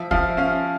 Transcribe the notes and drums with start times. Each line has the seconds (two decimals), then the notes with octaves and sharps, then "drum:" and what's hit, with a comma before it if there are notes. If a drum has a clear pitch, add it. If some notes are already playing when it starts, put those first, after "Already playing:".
Already playing: F3 E5
0.11 F3 F5, drum: kick
0.37 C#4 F5